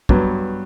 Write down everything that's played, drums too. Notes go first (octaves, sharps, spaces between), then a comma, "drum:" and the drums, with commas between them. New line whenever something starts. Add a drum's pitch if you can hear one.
G2 F#3 B3, drum: kick